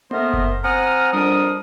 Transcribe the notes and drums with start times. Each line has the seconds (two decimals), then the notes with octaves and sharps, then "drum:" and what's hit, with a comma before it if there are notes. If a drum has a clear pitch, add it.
0.11 A3 B3 A#4 C5 D#5 E5, drum: tom A#3
0.33 drum: kick F#1
0.63 C4 F#5 G#5 A#5 D#6 F6
1.12 F2 G3 D4 A#4 D#6